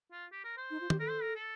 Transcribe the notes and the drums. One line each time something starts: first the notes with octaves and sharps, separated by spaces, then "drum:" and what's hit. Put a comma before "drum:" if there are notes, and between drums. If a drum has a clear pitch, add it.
F4
G4
A#4
C5
D#4
F4
G4, drum: tom
A4 A#4
C5
A#4
A4